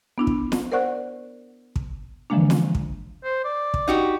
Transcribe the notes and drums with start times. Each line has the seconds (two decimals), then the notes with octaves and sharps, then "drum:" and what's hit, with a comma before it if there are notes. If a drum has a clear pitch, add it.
0.18 B3 D4 E4
0.27 drum: kick
0.52 drum: snare
0.72 A#4 C5 D5 F#5 C#6 F#6
1.76 drum: kick
2.30 D3 E3 F3 G#3 A#3 D4
2.50 drum: snare
2.75 drum: kick
3.24 C5
3.45 D5
3.74 drum: kick
3.88 D#4 F#4 G4